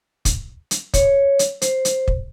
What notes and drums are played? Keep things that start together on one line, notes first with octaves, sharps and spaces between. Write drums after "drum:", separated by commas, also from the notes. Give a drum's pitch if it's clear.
drum: kick, hi-hat
drum: hi-hat
C#5, drum: kick, hi-hat
drum: hi-hat
C5, drum: hi-hat
drum: hi-hat
drum: kick